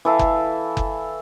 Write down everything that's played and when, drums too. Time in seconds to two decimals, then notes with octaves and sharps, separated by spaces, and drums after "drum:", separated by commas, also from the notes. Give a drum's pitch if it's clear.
0.05 E3 A4 E5 F5
0.19 drum: kick F#1
0.77 drum: kick F#1